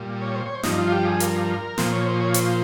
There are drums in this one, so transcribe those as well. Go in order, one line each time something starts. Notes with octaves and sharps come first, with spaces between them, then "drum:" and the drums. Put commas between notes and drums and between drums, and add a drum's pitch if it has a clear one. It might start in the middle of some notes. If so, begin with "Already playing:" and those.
Already playing: A#2 G3
C#5
C5
C#5
C5
G2 F3 D#4, drum: snare
F4
G4
G#4
A#4, drum: hi-hat
A#2 F3 C5, drum: snare
C#5
C5
C#5
C5, drum: hi-hat